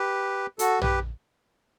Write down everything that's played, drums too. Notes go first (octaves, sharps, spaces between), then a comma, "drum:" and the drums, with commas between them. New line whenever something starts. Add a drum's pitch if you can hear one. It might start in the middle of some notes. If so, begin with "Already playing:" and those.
Already playing: G4 B4
F#4 A4, drum: hi-hat
G4 B4, drum: tom A#1